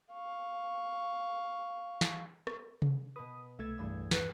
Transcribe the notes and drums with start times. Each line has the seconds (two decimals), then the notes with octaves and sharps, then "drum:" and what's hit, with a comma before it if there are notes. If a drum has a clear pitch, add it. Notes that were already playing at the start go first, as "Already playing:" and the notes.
0.13 F5 C#6
2.01 drum: snare
2.47 drum: rim click
2.82 drum: tom C3
3.16 B2 B4 D#6
3.59 C2 A3 E5 E6 G#6 A6
3.78 E2 G2 E6
4.11 B4, drum: snare